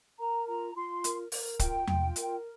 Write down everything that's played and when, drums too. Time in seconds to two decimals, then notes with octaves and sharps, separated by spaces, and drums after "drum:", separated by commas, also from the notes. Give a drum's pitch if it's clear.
0.19 A#4 A#5
0.48 F4 A#5
0.75 F4 C6
1.04 A#4, drum: hi-hat
1.32 A#4, drum: open hi-hat
1.59 F4 G5, drum: kick, hi-hat
1.87 F4, drum: tom E2
2.16 A#4, drum: hi-hat